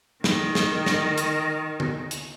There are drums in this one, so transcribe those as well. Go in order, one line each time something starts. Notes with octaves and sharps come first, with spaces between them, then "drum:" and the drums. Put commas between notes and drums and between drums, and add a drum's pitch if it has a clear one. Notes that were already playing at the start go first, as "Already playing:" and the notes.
D#3, drum: snare
drum: snare
drum: snare
drum: hi-hat
drum: tom D3
drum: hi-hat